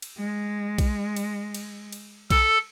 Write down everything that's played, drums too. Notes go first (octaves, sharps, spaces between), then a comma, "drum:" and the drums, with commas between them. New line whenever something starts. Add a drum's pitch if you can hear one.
drum: cymbal
G#3
drum: kick B1, cymbal
drum: cymbal
drum: cymbal
drum: cymbal
A4, drum: kick B1, cymbal